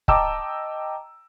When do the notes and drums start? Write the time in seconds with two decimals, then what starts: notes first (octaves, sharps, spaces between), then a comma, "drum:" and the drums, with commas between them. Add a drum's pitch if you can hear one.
0.08 D#5 G5 A5 A#5 D6 E6, drum: kick